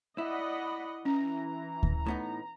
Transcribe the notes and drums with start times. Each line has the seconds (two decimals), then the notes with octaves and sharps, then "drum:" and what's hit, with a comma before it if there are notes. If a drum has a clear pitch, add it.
0.18 E4 D5 D#5 F#5 B5
1.05 E3 C#4 A#5
1.83 drum: kick D2
2.07 A2 B3 D#4